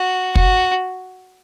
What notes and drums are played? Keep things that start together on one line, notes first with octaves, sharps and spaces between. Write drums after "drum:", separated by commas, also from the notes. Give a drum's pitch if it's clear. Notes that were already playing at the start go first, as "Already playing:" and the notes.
Already playing: F#4
F#4, drum: kick